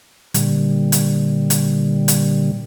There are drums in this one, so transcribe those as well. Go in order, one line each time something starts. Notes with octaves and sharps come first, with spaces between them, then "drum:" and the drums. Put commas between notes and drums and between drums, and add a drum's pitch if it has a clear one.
A#2 D3 G3, drum: hi-hat
drum: hi-hat
drum: hi-hat
drum: hi-hat